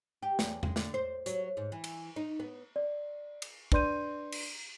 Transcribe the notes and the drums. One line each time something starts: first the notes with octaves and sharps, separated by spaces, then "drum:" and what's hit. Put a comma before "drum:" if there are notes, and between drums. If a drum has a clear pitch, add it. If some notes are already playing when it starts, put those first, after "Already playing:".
G4
E2, drum: snare
G#3, drum: tom E2
D3, drum: snare
C5
F#3, drum: hi-hat
G#2
E3
drum: cymbal
D#4
B3
D5
drum: cymbal
D4 B4 D5 C6 G6 D#7, drum: kick
drum: cymbal